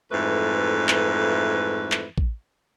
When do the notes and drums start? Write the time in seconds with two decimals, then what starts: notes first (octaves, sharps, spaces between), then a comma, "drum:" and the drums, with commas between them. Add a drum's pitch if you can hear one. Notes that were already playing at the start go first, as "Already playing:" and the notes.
0.11 F2 G#2 E3 A3 B4 E5
0.89 drum: clap
1.92 drum: clap
2.18 drum: kick A1